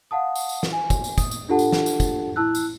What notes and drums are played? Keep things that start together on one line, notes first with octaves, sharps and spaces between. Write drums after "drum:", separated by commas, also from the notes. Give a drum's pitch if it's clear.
F5 F#5 A5 D#6
drum: tambourine
drum: tambourine
drum: snare
G#5
drum: kick, tambourine
drum: tambourine
D#6, drum: kick, tambourine
drum: tambourine
D4 F4 G4 A4 F#5 A5
drum: tambourine
drum: snare
drum: tambourine
drum: kick, tambourine
E4 A5 E6 F#6
drum: tambourine